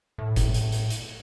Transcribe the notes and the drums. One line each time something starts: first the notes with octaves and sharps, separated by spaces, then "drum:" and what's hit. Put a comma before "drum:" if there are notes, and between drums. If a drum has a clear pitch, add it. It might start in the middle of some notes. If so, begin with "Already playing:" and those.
A2
drum: kick, hi-hat
drum: hi-hat
drum: hi-hat
drum: hi-hat